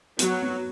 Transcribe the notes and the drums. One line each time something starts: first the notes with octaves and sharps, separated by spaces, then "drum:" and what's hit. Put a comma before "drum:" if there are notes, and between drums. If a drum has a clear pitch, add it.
F#3 B3, drum: hi-hat
B3